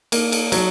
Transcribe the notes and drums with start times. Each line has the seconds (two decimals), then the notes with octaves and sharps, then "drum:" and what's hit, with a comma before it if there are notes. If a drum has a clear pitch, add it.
0.12 A#3, drum: cymbal
0.32 drum: cymbal
0.52 F#3, drum: cymbal